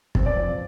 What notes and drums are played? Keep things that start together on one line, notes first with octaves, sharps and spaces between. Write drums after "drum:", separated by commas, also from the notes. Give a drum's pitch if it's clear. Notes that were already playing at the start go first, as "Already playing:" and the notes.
C4, drum: kick
D5
F3